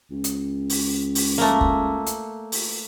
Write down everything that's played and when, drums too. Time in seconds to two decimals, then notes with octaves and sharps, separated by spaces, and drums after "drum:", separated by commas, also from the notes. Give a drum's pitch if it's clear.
0.11 C#2
0.24 drum: hi-hat
0.70 drum: open hi-hat
1.15 drum: open hi-hat
1.38 A3 A#3
1.61 drum: kick
2.06 drum: hi-hat
2.52 drum: open hi-hat